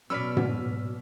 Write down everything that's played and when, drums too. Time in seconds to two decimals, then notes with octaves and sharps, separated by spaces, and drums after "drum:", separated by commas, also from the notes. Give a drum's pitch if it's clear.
0.10 B2 F#3 C#4 B4 D5 E6 F6 B6
0.37 drum: tom